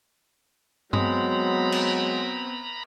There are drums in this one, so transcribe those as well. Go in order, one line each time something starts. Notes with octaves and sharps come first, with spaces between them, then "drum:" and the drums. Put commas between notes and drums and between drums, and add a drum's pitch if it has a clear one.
F#3 G#3 B3 C4 A#5 B5, drum: tom G2
drum: cymbal